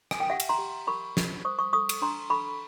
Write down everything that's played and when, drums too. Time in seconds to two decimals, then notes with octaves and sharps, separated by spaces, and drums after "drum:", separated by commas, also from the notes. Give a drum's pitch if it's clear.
0.11 G#5, drum: rim click
0.20 G5
0.30 G4 E5 F#5
0.40 drum: cymbal
0.49 A#5 C6
0.58 G4
0.87 A#4 B5 C#6
1.17 A#4, drum: snare
1.45 C5 C#6 D#6
1.59 C#6 D#6
1.73 A4 C#6 D#6
1.89 drum: cymbal
2.02 D4 A#5 C6
2.30 A4 B5 C#6